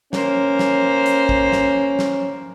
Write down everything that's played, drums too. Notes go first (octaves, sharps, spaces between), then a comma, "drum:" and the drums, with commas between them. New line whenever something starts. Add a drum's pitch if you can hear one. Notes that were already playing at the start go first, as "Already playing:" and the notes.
A#3 C#4 C5, drum: snare
drum: snare
drum: hi-hat
drum: kick
drum: snare
drum: snare